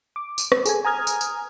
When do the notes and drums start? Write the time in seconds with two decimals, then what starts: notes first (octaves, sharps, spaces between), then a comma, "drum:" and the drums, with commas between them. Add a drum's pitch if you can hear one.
0.16 D6
0.38 drum: tambourine
0.52 drum: rim click
0.65 G#4 A4 G#5, drum: tambourine
0.85 G#5 A#5 D#6 F6 G#6
1.07 drum: tambourine
1.21 drum: tambourine